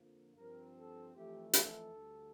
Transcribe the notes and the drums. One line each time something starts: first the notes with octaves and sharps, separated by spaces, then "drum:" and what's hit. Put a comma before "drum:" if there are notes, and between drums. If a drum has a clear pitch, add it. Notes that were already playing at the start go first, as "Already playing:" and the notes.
Already playing: F2 D3 F3 A#3
G2 F3 C4 A#4
A4
F2 E3 A3 G4
A4, drum: hi-hat
D2 D3 G3